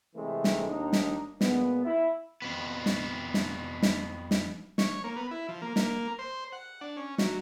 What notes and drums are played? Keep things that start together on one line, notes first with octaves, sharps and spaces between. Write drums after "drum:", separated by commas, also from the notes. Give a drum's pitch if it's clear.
C3 E3 G#3 A3
drum: snare
D#2 D4 D#4
drum: snare
A#2 G#3 B3, drum: snare
E4
F2 B3
drum: snare
drum: snare
drum: snare
drum: snare
C#5, drum: snare
A#3
B3
E4
F3
A#3
A#3, drum: snare
C5
F#5
D4
C#4
F#3, drum: snare